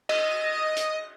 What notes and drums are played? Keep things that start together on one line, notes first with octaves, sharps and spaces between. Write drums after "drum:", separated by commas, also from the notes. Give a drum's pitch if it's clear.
D#5, drum: cymbal
drum: hi-hat